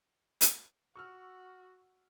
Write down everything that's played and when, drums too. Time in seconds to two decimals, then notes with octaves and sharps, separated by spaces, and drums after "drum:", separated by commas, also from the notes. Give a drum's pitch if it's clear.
0.41 drum: hi-hat
0.96 F#4 C#6 E6 F6